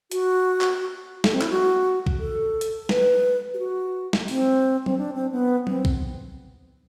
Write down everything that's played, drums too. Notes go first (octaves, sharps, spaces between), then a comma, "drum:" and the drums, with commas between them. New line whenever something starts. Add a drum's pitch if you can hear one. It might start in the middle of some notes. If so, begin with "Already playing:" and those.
F#4, drum: hi-hat
drum: clap
A4, drum: snare
C4
E4, drum: clap
F#4
drum: kick B1
A4
drum: hi-hat
B4, drum: snare
G4
F#4
drum: snare
C4, drum: open hi-hat
C4, drum: tom F#3
D4
C4
B3
C4, drum: tom F#3
drum: kick B1